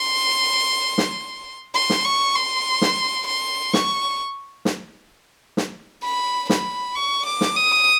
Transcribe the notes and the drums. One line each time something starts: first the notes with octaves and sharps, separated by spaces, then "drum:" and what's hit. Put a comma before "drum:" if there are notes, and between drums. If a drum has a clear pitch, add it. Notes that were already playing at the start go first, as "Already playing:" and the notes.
Already playing: C6
drum: snare
C6
drum: snare
C#6
C6
drum: snare
C6
C#6, drum: snare
drum: snare
drum: snare
B5
B5, drum: snare
C#6
D6
drum: snare
D#6